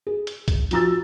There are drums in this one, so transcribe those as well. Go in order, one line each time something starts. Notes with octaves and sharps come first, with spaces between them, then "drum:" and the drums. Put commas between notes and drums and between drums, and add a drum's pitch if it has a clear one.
G#4
drum: hi-hat
drum: kick C2, hi-hat
F3 F#4 A#5 E6 A6, drum: hi-hat